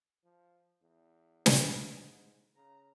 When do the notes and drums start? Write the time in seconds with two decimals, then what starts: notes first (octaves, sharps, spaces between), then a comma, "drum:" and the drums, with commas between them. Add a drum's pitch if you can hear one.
0.24 F3
0.82 E2
1.46 drum: snare
1.68 G#2
2.56 C#3 A#5